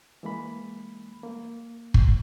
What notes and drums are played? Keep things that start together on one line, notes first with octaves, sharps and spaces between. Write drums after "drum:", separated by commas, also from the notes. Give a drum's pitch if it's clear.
E3 G#3 A#3 B5
A#3
drum: kick